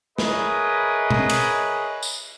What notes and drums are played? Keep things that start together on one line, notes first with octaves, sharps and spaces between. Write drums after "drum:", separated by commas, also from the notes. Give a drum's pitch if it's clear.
G#4 A#4 B4 C#5 D#5 E5, drum: snare
drum: tom B2
drum: cymbal
drum: tambourine